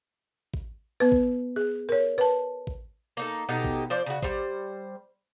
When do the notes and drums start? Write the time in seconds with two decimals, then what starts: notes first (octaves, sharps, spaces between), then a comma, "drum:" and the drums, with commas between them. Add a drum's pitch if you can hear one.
0.54 drum: kick A1
1.00 B3 B4
1.12 drum: kick A1
1.56 G#4
1.89 A#4 C#5
2.18 B4 A5
2.67 drum: kick A1
3.17 A#3 D#4 A4
3.49 B2 D#4 G4 A4
3.64 drum: kick A1
3.90 F3 C5 D5
4.06 C#3 F#4
4.23 G3 C5, drum: kick A1